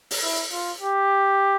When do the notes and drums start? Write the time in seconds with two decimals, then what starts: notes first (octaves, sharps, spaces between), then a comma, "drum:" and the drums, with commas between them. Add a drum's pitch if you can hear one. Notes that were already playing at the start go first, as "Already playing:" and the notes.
0.11 drum: open hi-hat
0.22 E4
0.51 F4
0.81 G4